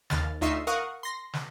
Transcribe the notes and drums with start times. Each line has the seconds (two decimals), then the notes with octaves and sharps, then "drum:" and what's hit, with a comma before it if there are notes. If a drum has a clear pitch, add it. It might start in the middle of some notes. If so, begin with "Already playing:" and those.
0.10 D#2 F6 A6, drum: snare
0.41 D2 D#4 F4 E5 C#6 C7
0.67 A#4 F5 F#5 C#6 D#6 F#6
1.03 C6 A#6
1.33 drum: snare